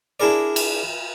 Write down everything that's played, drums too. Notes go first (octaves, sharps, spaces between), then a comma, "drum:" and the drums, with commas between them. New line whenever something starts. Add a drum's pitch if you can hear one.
D4 E4 G#4 A#4 D5
drum: cymbal